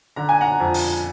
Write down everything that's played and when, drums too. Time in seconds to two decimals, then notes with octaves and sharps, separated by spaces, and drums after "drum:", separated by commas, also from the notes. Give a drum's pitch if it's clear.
0.16 D3 A#5
0.29 G#5
0.41 F#5 A#5
0.60 F2
0.74 drum: open hi-hat